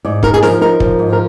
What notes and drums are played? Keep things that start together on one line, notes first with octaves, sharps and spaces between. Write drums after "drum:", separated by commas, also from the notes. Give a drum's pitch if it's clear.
G#2 D5
D#4 A#4, drum: kick
G#4
F3 A#4, drum: snare
D#4 A#4
F3, drum: kick
G#2
A#4